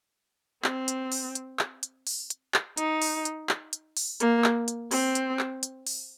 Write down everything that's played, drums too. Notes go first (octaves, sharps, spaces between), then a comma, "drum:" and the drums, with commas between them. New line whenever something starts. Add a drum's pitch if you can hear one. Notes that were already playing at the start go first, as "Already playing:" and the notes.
C4, drum: clap
drum: hi-hat
drum: open hi-hat
drum: hi-hat
drum: clap
drum: hi-hat
drum: open hi-hat
drum: hi-hat
drum: clap
D#4, drum: hi-hat
drum: open hi-hat
drum: hi-hat
drum: clap
drum: hi-hat
drum: open hi-hat
A#3, drum: hi-hat
drum: clap
drum: hi-hat
C4, drum: open hi-hat
drum: hi-hat
drum: clap
drum: hi-hat
drum: open hi-hat